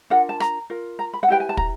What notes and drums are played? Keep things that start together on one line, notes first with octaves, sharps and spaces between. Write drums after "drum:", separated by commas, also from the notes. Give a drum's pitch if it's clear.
D4 F4 A#4 F#5
A5
A#5, drum: rim click
F4 A#4
A#5
B5
F#5
E4 G4 B4 G5
G#5
A5
A#5, drum: kick